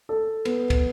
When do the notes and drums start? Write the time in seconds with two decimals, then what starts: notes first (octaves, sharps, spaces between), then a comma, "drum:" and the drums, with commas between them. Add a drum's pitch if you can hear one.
0.09 A4
0.45 B3, drum: cymbal
0.70 drum: kick, cymbal